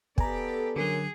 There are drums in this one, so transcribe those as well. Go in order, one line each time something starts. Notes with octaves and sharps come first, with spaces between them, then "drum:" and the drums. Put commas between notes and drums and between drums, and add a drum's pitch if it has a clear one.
B3 G4 A4 D5 G#5 A#5, drum: kick
F#2 D3 F#3 G#4